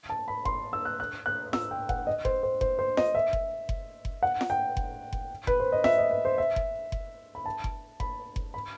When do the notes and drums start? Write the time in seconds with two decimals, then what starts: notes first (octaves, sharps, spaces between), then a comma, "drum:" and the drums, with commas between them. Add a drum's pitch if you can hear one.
0.10 A5
0.28 B5
0.45 C6, drum: kick F#1
0.73 E6
0.85 F#6
1.00 F#6
1.26 F#6
1.53 E6, drum: snare F4
1.71 G5
1.89 F#5, drum: kick F#1
2.07 D#5
2.25 C5, drum: kick F#1
2.43 C5
2.61 C5, drum: kick F#1
2.79 C5
2.97 D#5, drum: snare F4
3.15 E5
3.33 drum: kick F#1
3.69 drum: kick F#1
4.05 drum: kick F#1
4.23 F#5
4.41 drum: snare F4
4.50 G5
4.77 drum: kick F#1
5.13 drum: kick F#1
5.47 B4, drum: kick F#1
5.60 C5
5.72 D#5
5.84 E5, drum: snare F4
5.98 D#5
6.11 B4
6.25 C5
6.38 E5
6.56 drum: kick F#1
6.92 drum: kick F#1
7.35 B5
7.46 A5
7.64 drum: kick F#1
8.00 B5, drum: kick F#1
8.36 drum: kick F#1
8.54 B5